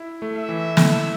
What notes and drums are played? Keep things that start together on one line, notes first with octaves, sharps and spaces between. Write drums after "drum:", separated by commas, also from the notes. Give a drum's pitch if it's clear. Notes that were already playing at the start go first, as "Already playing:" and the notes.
Already playing: E4
A3
E5
E3
A3, drum: snare